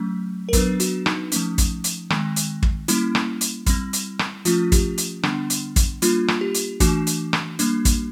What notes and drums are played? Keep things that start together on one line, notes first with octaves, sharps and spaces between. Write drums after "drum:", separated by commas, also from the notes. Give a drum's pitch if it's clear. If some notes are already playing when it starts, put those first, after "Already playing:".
Already playing: F#3 A3 C#4
A#4
F#3 B3 D4 B4, drum: kick, hi-hat
F#4, drum: hi-hat
D#4, drum: rim click
F3 A3 C#4, drum: hi-hat
drum: kick, hi-hat
drum: hi-hat
D#3 G#3 C4, drum: rim click
drum: hi-hat
drum: kick
G3 A#3 C#4 E4, drum: hi-hat
drum: rim click
drum: hi-hat
G3 C4, drum: kick, hi-hat
drum: hi-hat
drum: rim click
F3 A3 C#4 F4, drum: hi-hat
G4, drum: kick, hi-hat
drum: hi-hat
D3 G3 B3 D4, drum: rim click
drum: hi-hat
drum: kick, hi-hat
G3 A#3 D4 F4, drum: hi-hat
drum: rim click
G4
drum: hi-hat
E3 A3 D4 F#4, drum: kick, hi-hat
drum: hi-hat
drum: rim click
G3 A#3 D4, drum: hi-hat
drum: kick, hi-hat